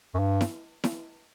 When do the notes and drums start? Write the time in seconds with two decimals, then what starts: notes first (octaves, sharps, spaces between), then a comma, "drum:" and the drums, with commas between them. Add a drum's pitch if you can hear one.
0.14 F#2
0.19 G2
0.41 drum: snare E4
0.84 drum: snare E4